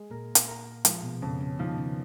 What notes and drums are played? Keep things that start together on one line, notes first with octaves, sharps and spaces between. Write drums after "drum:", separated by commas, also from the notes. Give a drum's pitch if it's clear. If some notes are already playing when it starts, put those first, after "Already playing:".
Already playing: G#3
A#2 A#3 A#4
drum: hi-hat
A#4
F3 G#3, drum: hi-hat
B2 B3
F2 C#3 C#4
C#3 C#4
D#3 F3 D#4
B3
C#3 C#4